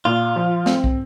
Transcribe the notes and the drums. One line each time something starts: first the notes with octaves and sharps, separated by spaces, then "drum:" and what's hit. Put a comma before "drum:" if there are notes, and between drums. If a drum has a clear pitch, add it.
A#2 F4
F3
C4, drum: snare
drum: kick